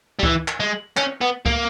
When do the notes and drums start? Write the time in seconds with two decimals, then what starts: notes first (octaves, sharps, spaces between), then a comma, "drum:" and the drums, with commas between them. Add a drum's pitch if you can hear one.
0.20 G3
0.23 E3, drum: kick C#2
0.48 drum: clap
0.60 G#3
0.97 C#4, drum: clap
1.21 B3
1.46 A#3, drum: kick C#2